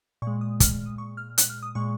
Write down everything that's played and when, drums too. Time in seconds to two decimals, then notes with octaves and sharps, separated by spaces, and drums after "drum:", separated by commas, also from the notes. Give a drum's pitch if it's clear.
0.22 A#2 G#3 C#6
0.41 D#6
0.60 F6, drum: kick, hi-hat
0.74 F6
0.86 D#6
0.98 C#6
1.17 F6
1.38 F#6, drum: hi-hat
1.49 F6
1.62 D#6
1.75 A#2 G#3 C#6